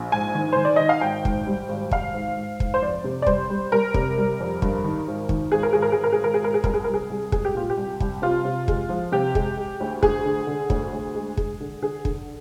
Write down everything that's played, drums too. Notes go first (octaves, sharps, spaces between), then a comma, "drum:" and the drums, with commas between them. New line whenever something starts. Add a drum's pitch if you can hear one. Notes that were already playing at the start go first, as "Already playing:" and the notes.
Already playing: A#1
G#2 G#5
D#3
D#3 C5
D5
D#3 D#5
F5
G#1 G5
G#2, drum: kick
G3
G#1
G#1 F5, drum: kick
G#2
G#2
G#2, drum: kick
C5
F2 D5
C3
D5
G3 C5, drum: kick
G3
G3 A#4
C3, drum: kick
G3
F2
G2, drum: kick
D#3
G#1
D#3, drum: kick
G#1 G#4
A#4
G#1 G#4
A#4
G#1 G#4
A#4
G#4
G#1 A#4
G#4
G#3 A#4
G#4
C2 A#4, drum: kick
G#4
C2 A#4
G#4
C2
G#3 G#4, drum: kick
G4
A#2 F4
G4
C2
C2, drum: kick
C3 F4
C3
G#3, drum: kick
F3
C3 G4
G#3, drum: kick
G#3
D2
D2 G#4, drum: kick
D3
D3
D2, drum: kick
D2
G#3
G#3, drum: kick
D3
D3 G#4
D3, drum: kick